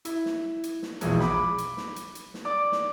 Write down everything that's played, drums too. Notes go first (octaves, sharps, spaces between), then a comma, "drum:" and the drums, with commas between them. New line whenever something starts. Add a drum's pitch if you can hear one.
E4, drum: hi-hat
drum: snare
drum: hi-hat
drum: snare
A#1 E2 B2 E3 F3 G#3, drum: hi-hat
B5 D6, drum: snare
drum: hi-hat
drum: snare
drum: hi-hat
drum: hi-hat
drum: snare
D5 D6
drum: snare